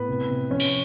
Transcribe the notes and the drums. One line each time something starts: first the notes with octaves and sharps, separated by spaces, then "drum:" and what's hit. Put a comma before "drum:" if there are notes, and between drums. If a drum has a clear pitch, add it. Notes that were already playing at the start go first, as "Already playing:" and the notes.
Already playing: A2 B3 B4
C3
C3
F3 C#4 C#5
drum: cymbal